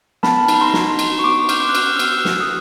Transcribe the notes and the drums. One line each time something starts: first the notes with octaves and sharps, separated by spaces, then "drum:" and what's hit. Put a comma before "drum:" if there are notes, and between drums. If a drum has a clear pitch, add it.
B3 A5 B5, drum: snare
D#4, drum: cymbal
A#5 C6
F#4, drum: snare
D#4, drum: cymbal
C#6
B3 C6 D6
B3 F6 G6, drum: cymbal
F#6
F#4 F6 G6, drum: cymbal
E6
B3 F6, drum: cymbal
E6 F#6
F#4, drum: snare
D#6